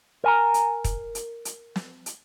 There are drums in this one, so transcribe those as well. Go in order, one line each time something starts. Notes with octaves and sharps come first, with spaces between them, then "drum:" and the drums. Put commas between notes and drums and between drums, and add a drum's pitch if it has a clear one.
A#4 G#5 A#5
drum: hi-hat
drum: kick, hi-hat
drum: hi-hat
drum: hi-hat
drum: snare
drum: hi-hat